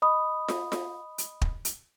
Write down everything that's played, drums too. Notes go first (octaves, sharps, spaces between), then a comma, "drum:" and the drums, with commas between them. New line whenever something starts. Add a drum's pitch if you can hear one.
D#5 B5 D#6
drum: snare F4
drum: snare F4
drum: hi-hat
drum: kick
drum: hi-hat